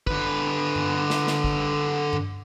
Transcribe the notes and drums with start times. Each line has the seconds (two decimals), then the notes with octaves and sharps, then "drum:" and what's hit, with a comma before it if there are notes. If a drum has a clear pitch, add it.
0.07 D3 B4, drum: kick
0.76 drum: tom G2
1.10 drum: snare
1.27 drum: snare
1.44 drum: kick
2.13 drum: tom G2